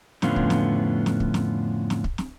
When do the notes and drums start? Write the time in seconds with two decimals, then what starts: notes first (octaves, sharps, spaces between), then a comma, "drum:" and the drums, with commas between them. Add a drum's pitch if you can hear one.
0.22 F2 A2 D3 B3 C#4 F4, drum: snare
0.36 drum: kick
0.50 drum: snare
1.06 drum: snare
1.20 drum: kick
1.34 drum: snare
1.90 drum: snare
2.04 drum: kick
2.18 drum: snare